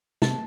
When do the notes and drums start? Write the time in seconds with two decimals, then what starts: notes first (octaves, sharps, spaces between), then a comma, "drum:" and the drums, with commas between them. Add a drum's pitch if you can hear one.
0.22 C3 A5, drum: snare